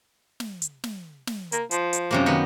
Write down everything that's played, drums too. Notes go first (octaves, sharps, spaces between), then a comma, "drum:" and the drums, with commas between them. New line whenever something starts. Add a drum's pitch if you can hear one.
drum: snare
drum: hi-hat
drum: snare
drum: snare
A#3, drum: hi-hat
F3, drum: hi-hat
drum: hi-hat
F#2 C3 A#3
D#3 B3